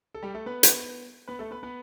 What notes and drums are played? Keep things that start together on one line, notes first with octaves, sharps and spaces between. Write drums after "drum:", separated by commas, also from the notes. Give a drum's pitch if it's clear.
A4
G3 G4
A3 A4
B3 B4
drum: hi-hat
B3 B4
A3 A4
B3 B4
B3 B4